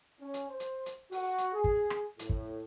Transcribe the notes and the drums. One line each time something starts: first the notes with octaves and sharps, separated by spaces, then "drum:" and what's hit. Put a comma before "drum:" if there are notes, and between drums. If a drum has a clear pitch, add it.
C#4
drum: hi-hat
C5
drum: hi-hat
drum: hi-hat
F#4, drum: open hi-hat
drum: hi-hat
G#4
drum: kick
drum: rim click
A2, drum: hi-hat
drum: kick